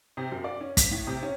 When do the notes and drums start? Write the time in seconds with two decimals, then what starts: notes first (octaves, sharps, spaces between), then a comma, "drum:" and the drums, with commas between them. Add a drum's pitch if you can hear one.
0.17 C3
0.32 F#2
0.44 D5
0.61 C#4
0.77 B6, drum: kick, hi-hat
0.91 A2
1.07 C3
1.23 C#4